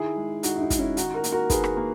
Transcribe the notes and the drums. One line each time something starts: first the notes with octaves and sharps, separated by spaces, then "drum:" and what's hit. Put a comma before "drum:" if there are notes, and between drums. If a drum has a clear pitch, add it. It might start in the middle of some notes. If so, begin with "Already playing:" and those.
Already playing: D#3 E4 G#4
G#3
D#3 D#4 F#4, drum: hi-hat
E4
D#4
G#3, drum: kick, hi-hat
C#4 E4
D#3 D#4 F#4, drum: hi-hat
F#4 A#4
A#3, drum: hi-hat
F#4 A#4
D#3 G#4 B4, drum: kick, hi-hat
drum: rim click
A#3